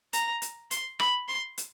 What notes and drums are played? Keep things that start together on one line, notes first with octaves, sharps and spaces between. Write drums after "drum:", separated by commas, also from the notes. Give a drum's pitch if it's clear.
A#5, drum: hi-hat
drum: hi-hat
C6, drum: hi-hat
B5, drum: rim click
C6
drum: hi-hat